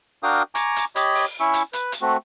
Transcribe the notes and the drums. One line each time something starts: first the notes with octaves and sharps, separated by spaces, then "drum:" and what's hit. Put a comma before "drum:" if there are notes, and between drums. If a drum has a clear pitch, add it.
D4 F#4 A#4 F5 G5 D#6
G#5 A#5 C#6 D6, drum: hi-hat
drum: hi-hat
G4 C#5 D#5 B5, drum: hi-hat
drum: open hi-hat
C#4 E4 E5 C#6
drum: hi-hat
B4, drum: hi-hat
drum: hi-hat
A3 C4 F#4